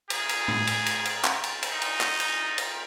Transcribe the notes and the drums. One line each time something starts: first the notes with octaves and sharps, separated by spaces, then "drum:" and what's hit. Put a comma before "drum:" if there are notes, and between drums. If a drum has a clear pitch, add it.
G#4, drum: cymbal
drum: cymbal
drum: tom A2
drum: cymbal
drum: cymbal
drum: cymbal
drum: clap
drum: cymbal
drum: cymbal
D#4
drum: cymbal
drum: clap
drum: cymbal
drum: cymbal